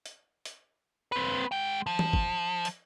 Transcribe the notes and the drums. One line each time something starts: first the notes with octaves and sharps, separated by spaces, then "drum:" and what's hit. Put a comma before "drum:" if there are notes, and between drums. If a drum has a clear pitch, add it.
drum: hi-hat
drum: hi-hat
C4 B4
G#3 G5
F3
drum: tom E3
drum: kick
drum: hi-hat